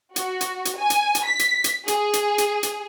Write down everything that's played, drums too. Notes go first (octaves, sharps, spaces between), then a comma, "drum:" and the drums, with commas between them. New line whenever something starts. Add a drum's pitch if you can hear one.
F#4, drum: hi-hat
drum: hi-hat
drum: hi-hat
G#5
drum: hi-hat
drum: hi-hat
B6
drum: hi-hat
drum: hi-hat
G#4, drum: hi-hat
drum: hi-hat
drum: hi-hat
drum: hi-hat